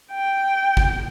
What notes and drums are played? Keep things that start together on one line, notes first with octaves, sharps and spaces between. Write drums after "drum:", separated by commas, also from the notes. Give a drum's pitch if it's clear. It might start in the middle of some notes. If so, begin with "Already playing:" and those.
G5
drum: kick G#1